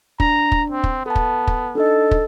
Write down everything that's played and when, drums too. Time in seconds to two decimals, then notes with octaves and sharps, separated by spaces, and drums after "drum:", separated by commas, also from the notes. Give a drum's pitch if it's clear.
0.20 D4 A#5, drum: kick
0.52 drum: kick
0.70 C4
0.84 drum: kick
1.06 B3 A4 A5
1.16 drum: kick
1.47 drum: kick
1.75 D4 D#4 A4 D#5
2.11 drum: kick